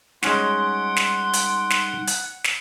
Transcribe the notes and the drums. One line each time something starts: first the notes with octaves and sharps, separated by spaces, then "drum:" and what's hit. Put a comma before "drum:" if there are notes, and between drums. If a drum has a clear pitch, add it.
G3 G#3 C#4 D#4 F#4 F#5 C6, drum: snare
drum: snare
drum: hi-hat
drum: snare
drum: hi-hat
drum: snare